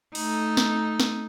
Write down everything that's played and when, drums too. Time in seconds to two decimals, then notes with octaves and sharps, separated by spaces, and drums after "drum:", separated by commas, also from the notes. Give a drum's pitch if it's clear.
0.15 A3 D#4, drum: open hi-hat
0.57 drum: snare
1.00 drum: snare